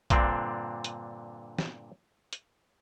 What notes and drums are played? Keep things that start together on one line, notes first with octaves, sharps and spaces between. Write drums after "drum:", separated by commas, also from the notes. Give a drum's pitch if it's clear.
G2 A#2 D3 C4 D4, drum: kick A#1, hi-hat
drum: hi-hat
drum: snare
drum: hi-hat